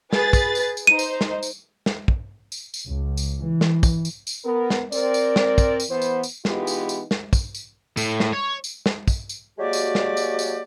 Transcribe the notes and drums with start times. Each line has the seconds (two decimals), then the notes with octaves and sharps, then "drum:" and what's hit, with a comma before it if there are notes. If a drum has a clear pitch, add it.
0.13 G#4 B4 A6, drum: snare
0.33 drum: kick, tambourine
0.55 drum: tambourine
0.77 drum: tambourine
0.87 D#4 C5 D#7
0.99 drum: tambourine
1.21 drum: snare
1.43 drum: tambourine
1.86 drum: snare
2.08 drum: kick
2.52 drum: tambourine
2.74 drum: tambourine
2.87 C#2
3.17 drum: tambourine
3.45 E3
3.61 drum: snare
3.83 drum: kick, tambourine
4.05 drum: tambourine
4.27 drum: tambourine
4.44 B3 A#4
4.70 drum: snare
4.92 C4 A#4 D5, drum: tambourine
5.14 drum: tambourine
5.36 drum: snare
5.58 drum: kick, tambourine
5.80 drum: tambourine
5.89 E3 B3 C5
6.02 drum: tambourine
6.23 drum: tambourine
6.45 E3 G#3 B3 D#4 F4 G4, drum: snare
6.67 drum: tambourine
6.89 drum: tambourine
7.11 drum: snare
7.33 drum: kick, tambourine
7.55 drum: tambourine
7.97 A2, drum: tambourine
8.20 drum: snare
8.33 C#5
8.64 drum: tambourine
8.86 drum: snare
9.08 drum: kick, tambourine
9.29 drum: tambourine
9.58 F#3 G#3 A#3 F#4 G4 D5
9.73 drum: tambourine
9.95 drum: snare
10.17 drum: tambourine
10.39 drum: tambourine